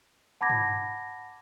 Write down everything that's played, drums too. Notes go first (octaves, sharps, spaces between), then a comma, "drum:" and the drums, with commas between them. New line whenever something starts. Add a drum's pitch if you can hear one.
F#5 A5 B5 D6 G#6 A#6
drum: tom